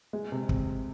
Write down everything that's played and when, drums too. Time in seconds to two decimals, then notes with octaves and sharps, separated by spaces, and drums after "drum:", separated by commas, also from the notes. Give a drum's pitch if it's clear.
0.13 G#3
0.32 C3
0.49 drum: kick